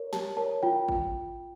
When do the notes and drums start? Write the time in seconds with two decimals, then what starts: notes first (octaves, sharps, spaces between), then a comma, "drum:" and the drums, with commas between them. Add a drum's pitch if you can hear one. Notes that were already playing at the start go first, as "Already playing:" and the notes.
Already playing: A#4 C#5
0.13 G4 A5, drum: snare
0.37 A#4 C#5 A5
0.63 F4 G5
0.88 drum: kick G#1